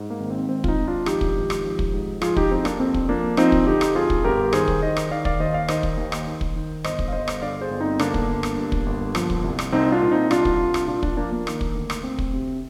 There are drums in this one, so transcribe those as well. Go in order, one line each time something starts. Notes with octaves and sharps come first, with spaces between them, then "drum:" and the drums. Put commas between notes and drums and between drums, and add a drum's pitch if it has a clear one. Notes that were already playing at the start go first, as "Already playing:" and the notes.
Already playing: G#2
A#3
G#1
C4
G#1 C4
F4, drum: kick
C4 D#4
G#1
D4 F4
F3 D#4 G4, drum: rim click
drum: kick
G#1
drum: rim click
F3
drum: kick
G#2
F3 F4 G#4, drum: rim click
D#4 G4, drum: kick
F2 C4 D#4
A#3 D4, drum: rim click
F2 C4
drum: kick
F3 A#3 D4
F3 C4 D#4, drum: rim click
drum: kick
D3 D#4 G4
drum: rim click
F2 F4 G#4
drum: kick
G1 G4 A#4
D#3 G#4 C5, drum: rim click
drum: kick
D#3 C5 D#5
drum: rim click
D#3 D5 F5
D5 F5, drum: kick
D#2 C5 D#5
D5 F5
D#3 C5 D#5, drum: rim click
drum: kick
D#2
drum: rim click
D#3
drum: kick
D#3
G1 C5 D#5, drum: rim click
drum: kick
F5
G1 C5 D#5
drum: rim click
D3 D5 F5
G#4 C5
G1
C4 D#4
D3 A#3 D4, drum: rim click
drum: kick
G1
drum: rim click
G2
drum: kick
G1
F3, drum: rim click
drum: kick
C2
drum: rim click
C2 C4 D#4
D4 F4
A#2
C4 D#4
C2 D4 F4, drum: rim click
drum: kick
C2
drum: rim click
A#2 D4 F4
D4 F4, drum: kick
F3 A#3 D4
A#3
D#3, drum: rim click
drum: kick
D2
drum: rim click
D2 C4
drum: kick
C3